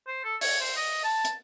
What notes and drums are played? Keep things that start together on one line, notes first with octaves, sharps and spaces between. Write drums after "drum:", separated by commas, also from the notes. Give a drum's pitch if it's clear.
C5
A4
C#5, drum: open hi-hat
C5
D#5
A5
drum: hi-hat